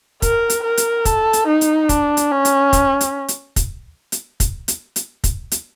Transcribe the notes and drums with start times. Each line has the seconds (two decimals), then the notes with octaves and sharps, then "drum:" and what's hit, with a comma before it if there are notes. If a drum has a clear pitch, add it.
0.22 A#4, drum: kick, hi-hat
0.50 drum: hi-hat
0.63 A#4
0.77 drum: hi-hat
1.05 A4, drum: kick, hi-hat
1.33 drum: hi-hat
1.47 D#4
1.61 drum: hi-hat
1.89 D4, drum: kick, hi-hat
2.17 drum: hi-hat
2.31 C#4
2.45 drum: hi-hat
2.73 drum: kick, hi-hat
3.01 drum: hi-hat
3.28 drum: hi-hat
3.56 drum: kick, hi-hat
4.12 drum: hi-hat
4.40 drum: kick, hi-hat
4.68 drum: hi-hat
4.96 drum: hi-hat
5.24 drum: kick, hi-hat
5.52 drum: hi-hat